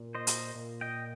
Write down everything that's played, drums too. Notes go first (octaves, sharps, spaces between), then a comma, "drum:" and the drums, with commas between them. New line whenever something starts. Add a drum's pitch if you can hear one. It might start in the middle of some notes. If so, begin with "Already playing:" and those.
Already playing: A#2
C5 D#5
drum: hi-hat
A#2
D#5 G5